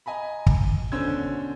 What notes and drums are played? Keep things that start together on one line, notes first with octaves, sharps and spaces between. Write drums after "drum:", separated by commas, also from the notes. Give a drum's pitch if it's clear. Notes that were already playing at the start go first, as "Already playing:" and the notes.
D#5 G#5 A#5 B5
drum: kick
B2 D3 C#4 C5 E6 G#6